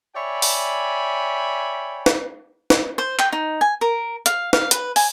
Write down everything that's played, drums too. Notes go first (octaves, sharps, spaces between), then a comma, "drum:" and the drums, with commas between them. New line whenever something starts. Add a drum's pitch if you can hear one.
C#5 D5 E5 G5 G#5 B5
drum: open hi-hat
drum: snare
drum: snare
C5
G5, drum: clap
D#4
G#5
A#4
F5, drum: hi-hat
F5, drum: snare
B4, drum: hi-hat
G#5, drum: open hi-hat